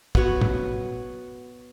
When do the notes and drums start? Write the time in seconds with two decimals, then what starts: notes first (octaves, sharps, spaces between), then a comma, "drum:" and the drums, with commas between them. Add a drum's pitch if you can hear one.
0.15 B3 F#4 C#5, drum: kick
0.41 drum: tom